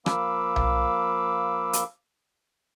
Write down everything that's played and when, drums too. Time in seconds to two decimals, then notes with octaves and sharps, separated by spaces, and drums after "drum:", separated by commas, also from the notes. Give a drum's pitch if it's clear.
0.06 F3 A#3 F5 B5 D6 E6, drum: rim click
0.56 drum: tom B1
1.73 drum: hi-hat